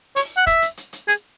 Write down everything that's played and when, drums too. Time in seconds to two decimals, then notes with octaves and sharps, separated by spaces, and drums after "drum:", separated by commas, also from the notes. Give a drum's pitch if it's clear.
0.16 C#5, drum: open hi-hat
0.37 F#5
0.47 E5, drum: kick, hi-hat
0.62 drum: hi-hat
0.77 drum: hi-hat
0.93 drum: hi-hat
1.08 G#4, drum: hi-hat